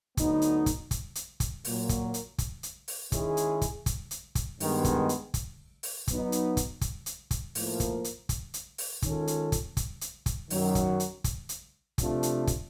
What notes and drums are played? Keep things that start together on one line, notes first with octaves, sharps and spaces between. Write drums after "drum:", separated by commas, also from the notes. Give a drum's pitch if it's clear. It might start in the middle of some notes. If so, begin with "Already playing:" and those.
D2 D3 F#3 B3 D#4, drum: kick, hi-hat
drum: hi-hat
drum: kick, hi-hat
drum: kick, hi-hat
drum: hi-hat
drum: kick, hi-hat
A#2 F#3 A#3, drum: open hi-hat
drum: kick, hi-hat
drum: hi-hat
drum: kick, hi-hat
drum: hi-hat
drum: open hi-hat
D#3 G#3 C#4 E4 G#4, drum: kick, hi-hat
drum: hi-hat
drum: kick, hi-hat
drum: kick, hi-hat
drum: hi-hat
drum: kick, hi-hat
G2 D#3 G#3 B3, drum: open hi-hat
drum: kick, hi-hat
drum: hi-hat
drum: kick, hi-hat
drum: open hi-hat
F#3 B3 D#4, drum: kick, hi-hat
drum: hi-hat
drum: kick, hi-hat
drum: kick, hi-hat
drum: hi-hat
drum: kick, hi-hat
A2 F3 A#3, drum: open hi-hat
drum: kick, hi-hat
drum: hi-hat
drum: kick, hi-hat
drum: hi-hat
drum: open hi-hat
D#3 G#3 C#4 F4 A4, drum: kick, hi-hat
drum: hi-hat
drum: kick, hi-hat
drum: kick, hi-hat
drum: hi-hat
drum: kick, hi-hat
F#2 D#3 F#3, drum: open hi-hat
drum: kick, hi-hat
drum: hi-hat
drum: kick, hi-hat
drum: hi-hat
C3 F3 A3 D4 F4, drum: kick, hi-hat
drum: hi-hat
drum: kick, hi-hat